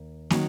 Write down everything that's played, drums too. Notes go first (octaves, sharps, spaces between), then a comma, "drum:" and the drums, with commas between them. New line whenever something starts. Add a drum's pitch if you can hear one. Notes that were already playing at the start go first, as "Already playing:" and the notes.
Already playing: D#2
D#3 F#3, drum: snare